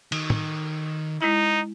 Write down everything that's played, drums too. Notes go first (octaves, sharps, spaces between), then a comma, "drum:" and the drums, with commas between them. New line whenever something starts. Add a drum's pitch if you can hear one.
D#3, drum: cymbal
drum: tom
G#3 D#4 E4